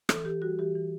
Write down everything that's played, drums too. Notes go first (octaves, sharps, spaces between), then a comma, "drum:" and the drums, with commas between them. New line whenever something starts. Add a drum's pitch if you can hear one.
E3 A4, drum: rim click
E3 G4
G3 F#4
E3 G4
E3